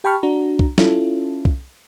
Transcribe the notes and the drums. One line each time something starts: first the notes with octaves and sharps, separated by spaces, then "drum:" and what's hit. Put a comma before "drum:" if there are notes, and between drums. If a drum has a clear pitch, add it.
G4 G5 A5 B5 C#6 F6
D4 F#4 A#5
drum: kick
C#4 E4 F4 A4, drum: snare
drum: kick